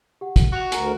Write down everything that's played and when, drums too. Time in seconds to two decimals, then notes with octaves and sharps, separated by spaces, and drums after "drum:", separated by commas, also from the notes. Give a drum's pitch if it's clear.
0.21 G4 F#5
0.36 drum: kick, hi-hat
0.52 F#4 C#6 F7
0.72 D2 A#4 G#5, drum: hi-hat